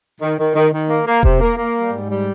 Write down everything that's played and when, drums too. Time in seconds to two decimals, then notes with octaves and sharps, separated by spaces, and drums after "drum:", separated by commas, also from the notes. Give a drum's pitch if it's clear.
0.21 D#3
0.38 D#3
0.55 D#3
0.72 D#3
0.89 A#3
1.06 A#3
1.23 C3, drum: kick E1
1.40 A#3
1.58 A#3
1.75 G3
1.92 G#2
2.09 G3